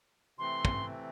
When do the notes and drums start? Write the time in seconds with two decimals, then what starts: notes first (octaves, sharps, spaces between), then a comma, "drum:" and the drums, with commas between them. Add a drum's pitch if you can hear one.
0.38 C3 E3 A3 C4 C6
0.65 drum: kick